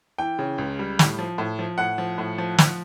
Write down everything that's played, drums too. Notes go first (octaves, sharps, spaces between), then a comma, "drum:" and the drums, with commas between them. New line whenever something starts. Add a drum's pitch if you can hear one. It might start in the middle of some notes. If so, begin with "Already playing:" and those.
E3 G5
C#3
C#2
G3
A2, drum: snare
F3
A2
F3
A2 F#5
F3
A2
F3
F3, drum: snare